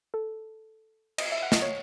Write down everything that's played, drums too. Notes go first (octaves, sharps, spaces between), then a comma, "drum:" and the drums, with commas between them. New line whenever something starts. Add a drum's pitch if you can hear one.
A4
D#5, drum: cymbal
E5
F#5
D#5, drum: snare
C#5